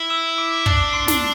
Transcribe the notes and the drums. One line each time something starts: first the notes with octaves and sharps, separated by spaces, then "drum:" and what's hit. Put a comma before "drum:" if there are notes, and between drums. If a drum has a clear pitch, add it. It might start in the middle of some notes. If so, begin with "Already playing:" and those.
Already playing: E4
E6 E7
D6 D7
D4 D6 D7, drum: kick
C6 C7
D4, drum: snare